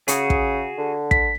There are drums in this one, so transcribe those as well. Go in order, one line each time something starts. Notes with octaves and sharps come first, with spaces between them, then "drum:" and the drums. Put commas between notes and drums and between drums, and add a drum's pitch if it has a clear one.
C#3 F#4 G#4, drum: hi-hat
drum: kick
D3
B6, drum: kick